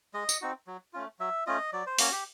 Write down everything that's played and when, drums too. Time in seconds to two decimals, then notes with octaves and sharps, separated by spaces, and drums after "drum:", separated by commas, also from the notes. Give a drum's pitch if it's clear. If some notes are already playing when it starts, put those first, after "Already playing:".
0.14 G#3 D#5
0.29 drum: tambourine
0.41 C4 D#4 F#4
0.67 F#3
0.93 A3 C#4 F4
1.19 F#3 E5
1.47 A3 C#4 F4 D#5
1.73 F#3 D5
1.86 C5
1.99 A#3 C#4 F#4, drum: open hi-hat
2.12 G4